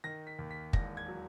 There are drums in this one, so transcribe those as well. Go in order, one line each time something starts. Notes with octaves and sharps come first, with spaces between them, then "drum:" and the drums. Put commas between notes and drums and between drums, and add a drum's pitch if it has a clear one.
D#3 A#6
B6
D#2
B6
E1 A#6, drum: kick
G#6
F#3